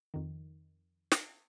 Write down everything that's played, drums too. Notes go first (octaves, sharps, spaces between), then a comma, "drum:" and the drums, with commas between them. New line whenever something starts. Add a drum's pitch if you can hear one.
F2 D#3
drum: snare